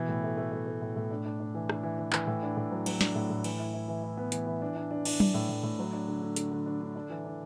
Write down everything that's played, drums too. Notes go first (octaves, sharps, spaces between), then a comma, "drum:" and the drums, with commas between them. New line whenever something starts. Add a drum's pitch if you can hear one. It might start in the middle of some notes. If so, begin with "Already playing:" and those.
Already playing: B2 E3
A2
A3
A3
A3
A3
A2
A2
D4
D4
D4
E3
D4, drum: rim click
E3
E3
E3, drum: clap
A2
D4
A2
F#3
F#3, drum: cymbal
D4, drum: snare
A2
A2
E3, drum: cymbal
E4
E4
E3
E4
B3
E3, drum: hi-hat
E3
D4
D4
D4
D4, drum: cymbal
D4, drum: tom F#3
A2
A2
A2
F#3
D4
D3
D3
D3, drum: hi-hat
D3
D4
D3
D4
E3
D4